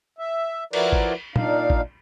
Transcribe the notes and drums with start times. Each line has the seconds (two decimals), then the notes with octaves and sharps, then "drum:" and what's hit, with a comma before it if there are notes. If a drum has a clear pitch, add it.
0.19 E5
0.73 F3 E4 F#4 A#4 B4 D5, drum: cymbal
0.92 drum: kick A1
1.36 A#2 D4 D#4 F5, drum: tom
1.70 drum: kick A1